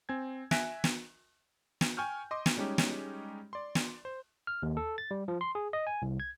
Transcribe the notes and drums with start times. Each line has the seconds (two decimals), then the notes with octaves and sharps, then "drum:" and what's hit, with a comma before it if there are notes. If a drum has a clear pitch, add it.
0.09 C4 G#5 G#6
0.51 E5 G#5 F#6 A#6 B6 D7, drum: snare
0.84 drum: snare
1.81 drum: snare
1.97 G5 G#5 C#6 F6 G6
2.31 D#5 C6 D6
2.46 drum: snare
2.57 G3 G#3 C#4 D#4 G4
2.78 drum: snare
3.53 D5 C6
3.75 drum: snare
4.05 C5
4.47 F6
4.63 D#2
4.77 A4
4.98 A6
5.11 G3
5.28 F3
5.41 C6
5.55 G#4
5.73 D#5
5.87 G#5
6.02 C2
6.20 G#6